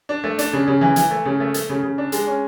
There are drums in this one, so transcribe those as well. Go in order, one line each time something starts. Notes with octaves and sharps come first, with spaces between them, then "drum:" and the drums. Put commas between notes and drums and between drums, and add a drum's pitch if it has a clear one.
D4
A3
D4, drum: hi-hat
C#3
C#3
E3
E3, drum: hi-hat
A3
C#3
A3
A3, drum: hi-hat
C#3
C#3
D4
G#3, drum: hi-hat
C#4